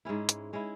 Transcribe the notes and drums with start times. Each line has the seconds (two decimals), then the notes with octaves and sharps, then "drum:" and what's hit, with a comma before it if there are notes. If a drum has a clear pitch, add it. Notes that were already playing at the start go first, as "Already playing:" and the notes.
0.05 G#2 G#3 C#4 E4
0.29 drum: hi-hat
0.53 G#3 C#4 E4